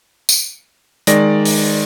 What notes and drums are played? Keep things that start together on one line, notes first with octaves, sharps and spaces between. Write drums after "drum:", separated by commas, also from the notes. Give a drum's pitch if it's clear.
drum: tambourine
D#3 G#3 D5 A#6, drum: hi-hat
drum: open hi-hat